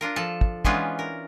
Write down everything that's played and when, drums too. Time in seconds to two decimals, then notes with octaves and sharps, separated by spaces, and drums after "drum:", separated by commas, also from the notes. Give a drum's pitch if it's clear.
0.01 D4 F4 A#4
0.16 F3 A4 A5
0.41 drum: kick
0.65 E3 G#3 B3 C#4 D4 F4, drum: kick
0.99 A#4